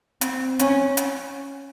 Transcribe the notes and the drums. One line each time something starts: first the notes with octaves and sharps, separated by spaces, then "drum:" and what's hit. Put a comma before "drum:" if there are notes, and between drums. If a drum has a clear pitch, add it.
C4, drum: hi-hat
C#4, drum: hi-hat
drum: hi-hat